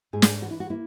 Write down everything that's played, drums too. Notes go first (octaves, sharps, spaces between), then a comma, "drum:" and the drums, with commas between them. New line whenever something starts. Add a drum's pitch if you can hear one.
G#2 G#4
drum: snare
E3 F#4
E4
F#4
A#3 E4